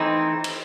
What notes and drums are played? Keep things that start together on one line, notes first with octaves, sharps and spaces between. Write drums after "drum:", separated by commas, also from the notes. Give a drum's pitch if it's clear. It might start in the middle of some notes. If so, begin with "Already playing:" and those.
Already playing: E3 A3 C4 D#4
drum: cymbal